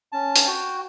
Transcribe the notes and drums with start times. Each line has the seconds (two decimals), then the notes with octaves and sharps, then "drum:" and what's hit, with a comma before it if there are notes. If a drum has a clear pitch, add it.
0.12 C#4 A5
0.36 drum: hi-hat
0.46 F#4 G5